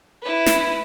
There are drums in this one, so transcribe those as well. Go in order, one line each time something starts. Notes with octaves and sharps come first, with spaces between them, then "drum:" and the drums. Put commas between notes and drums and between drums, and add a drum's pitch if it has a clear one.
E4 B4
drum: snare